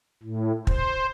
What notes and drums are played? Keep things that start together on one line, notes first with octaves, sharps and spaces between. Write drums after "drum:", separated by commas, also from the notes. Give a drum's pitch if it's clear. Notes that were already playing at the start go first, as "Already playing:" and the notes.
A2
C5, drum: kick